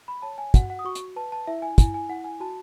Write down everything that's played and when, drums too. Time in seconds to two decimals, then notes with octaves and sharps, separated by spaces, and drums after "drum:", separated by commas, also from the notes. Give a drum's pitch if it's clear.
0.08 B5
0.22 C#5 A5
0.38 G#5
0.54 F#4 F#5, drum: kick, hi-hat
0.70 F#5
0.79 D#6
0.84 F#4 C#6
0.95 drum: hi-hat
1.16 B4 A5
1.32 A5
1.47 E4 E5
1.62 G#5
1.78 E4 G#5, drum: kick, hi-hat
1.94 G#5
2.09 E4 F#5
2.24 G#5
2.40 F#4 A5